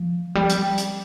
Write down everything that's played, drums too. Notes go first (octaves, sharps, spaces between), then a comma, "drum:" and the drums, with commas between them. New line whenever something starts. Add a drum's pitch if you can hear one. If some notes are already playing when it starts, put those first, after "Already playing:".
Already playing: F3
G3
drum: hi-hat
drum: hi-hat